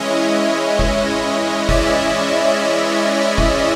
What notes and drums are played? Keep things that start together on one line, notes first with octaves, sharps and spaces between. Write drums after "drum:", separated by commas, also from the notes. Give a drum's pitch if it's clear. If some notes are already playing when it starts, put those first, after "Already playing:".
Already playing: E3 G#3 C#4 E4 C#5 D#5
drum: kick
D5 E5, drum: kick
drum: kick